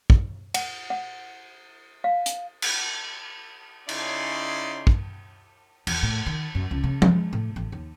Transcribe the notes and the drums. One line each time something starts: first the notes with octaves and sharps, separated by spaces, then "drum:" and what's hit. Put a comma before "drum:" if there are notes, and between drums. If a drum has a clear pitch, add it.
drum: kick
F#5, drum: cymbal
F#5
F5
drum: hi-hat
drum: cymbal
C#3 C#4 D#4 E4 D5 C6, drum: cymbal
drum: kick
E2, drum: cymbal
A2
D#3
F#2
C#2
C#3
G#3, drum: tom F3
A2
A1
D#2